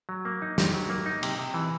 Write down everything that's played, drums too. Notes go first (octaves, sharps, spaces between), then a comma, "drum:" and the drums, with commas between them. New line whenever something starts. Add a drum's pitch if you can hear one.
F#3
A#3
D#4
G4, drum: snare
F#3
A#3
D#4
C3, drum: cymbal
C3
E3